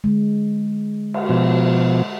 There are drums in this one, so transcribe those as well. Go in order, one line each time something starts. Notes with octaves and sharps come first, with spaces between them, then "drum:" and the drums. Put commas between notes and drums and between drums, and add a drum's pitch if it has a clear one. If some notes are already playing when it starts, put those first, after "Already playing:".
D3 G#3
drum: cymbal
B2 F3